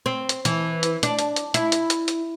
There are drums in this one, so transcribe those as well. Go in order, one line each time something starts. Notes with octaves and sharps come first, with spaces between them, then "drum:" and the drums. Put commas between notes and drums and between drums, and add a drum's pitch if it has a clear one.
C4
drum: hi-hat
E3, drum: hi-hat
drum: hi-hat
D4, drum: hi-hat
drum: hi-hat
drum: hi-hat
E4, drum: hi-hat
drum: hi-hat
drum: hi-hat
drum: hi-hat